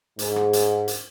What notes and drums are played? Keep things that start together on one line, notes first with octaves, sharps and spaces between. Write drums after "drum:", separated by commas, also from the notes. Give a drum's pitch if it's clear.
G#2, drum: hi-hat
drum: rim click
drum: hi-hat
drum: hi-hat